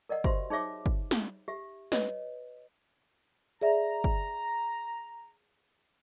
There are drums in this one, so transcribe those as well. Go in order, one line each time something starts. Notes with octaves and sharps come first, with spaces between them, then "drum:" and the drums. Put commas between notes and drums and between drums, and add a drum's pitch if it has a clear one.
A#4 D5 D#5 F#5
F#4 G4 C5 E5 C6, drum: kick
D#4 G#4 C#5 E5 D6
drum: kick
drum: snare
G4 E5
B4 C#5 D#5, drum: snare
G#4 D5 E5 A#5
drum: kick